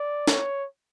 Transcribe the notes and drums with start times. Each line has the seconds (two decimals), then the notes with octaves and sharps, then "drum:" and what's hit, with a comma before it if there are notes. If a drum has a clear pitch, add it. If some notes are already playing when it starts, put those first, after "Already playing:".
Already playing: D5
0.28 C#5, drum: snare